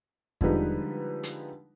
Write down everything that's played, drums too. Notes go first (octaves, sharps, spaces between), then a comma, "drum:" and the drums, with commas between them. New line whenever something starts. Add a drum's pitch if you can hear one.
D3 F3 G3 G#3 D#4 B4, drum: kick E2
drum: hi-hat